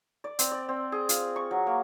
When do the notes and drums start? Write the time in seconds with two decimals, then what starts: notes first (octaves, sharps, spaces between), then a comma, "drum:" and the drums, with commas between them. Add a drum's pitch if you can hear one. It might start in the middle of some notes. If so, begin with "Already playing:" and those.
0.24 D5
0.39 C4, drum: hi-hat
0.51 D5
0.69 C4
0.92 G#4
1.09 F4, drum: hi-hat
1.36 C#6
1.51 F#3
1.67 A#3